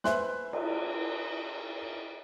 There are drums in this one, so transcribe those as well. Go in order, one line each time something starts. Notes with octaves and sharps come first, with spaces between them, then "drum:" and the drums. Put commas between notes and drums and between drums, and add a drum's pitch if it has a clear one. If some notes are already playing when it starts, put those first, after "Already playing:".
B4 C5 E5 G#5 C6 F#6, drum: snare
drum: cymbal